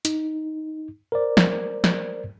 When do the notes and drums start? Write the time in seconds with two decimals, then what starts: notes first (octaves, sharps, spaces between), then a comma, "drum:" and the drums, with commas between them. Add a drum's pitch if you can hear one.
0.05 D#4, drum: hi-hat
1.12 A#4 C5 D5
1.37 drum: snare
1.84 drum: snare